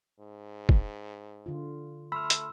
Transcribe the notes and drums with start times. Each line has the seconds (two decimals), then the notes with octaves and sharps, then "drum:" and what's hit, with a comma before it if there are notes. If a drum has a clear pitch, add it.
0.20 G#2
0.69 drum: kick
1.46 D3 F4
2.12 A3 B5 C6 E6 F6
2.30 drum: hi-hat